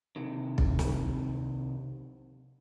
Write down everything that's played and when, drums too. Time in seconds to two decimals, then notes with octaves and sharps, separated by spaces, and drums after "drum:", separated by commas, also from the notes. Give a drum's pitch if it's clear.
0.16 C3 D#3
0.58 drum: kick B1
0.79 drum: snare